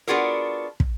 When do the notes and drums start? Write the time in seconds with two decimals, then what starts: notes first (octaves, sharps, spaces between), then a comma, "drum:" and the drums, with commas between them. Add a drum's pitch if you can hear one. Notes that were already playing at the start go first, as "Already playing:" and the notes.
0.08 B3 D4 F4 F#4 G#4 A#4
0.80 drum: kick